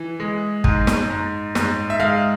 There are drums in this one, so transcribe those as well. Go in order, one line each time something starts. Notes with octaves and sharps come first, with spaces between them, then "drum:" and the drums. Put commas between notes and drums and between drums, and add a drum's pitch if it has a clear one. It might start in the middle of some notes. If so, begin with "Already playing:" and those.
Already playing: E3
G#3
G#2, drum: kick
drum: snare
G#2
G#2, drum: snare
E5
G#3 F5